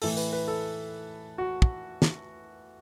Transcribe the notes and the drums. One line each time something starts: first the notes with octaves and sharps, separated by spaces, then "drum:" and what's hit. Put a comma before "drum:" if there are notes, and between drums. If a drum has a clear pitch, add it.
A2 E3 A4, drum: open hi-hat
B4, drum: tambourine
B4
A4
F#4
drum: kick
drum: snare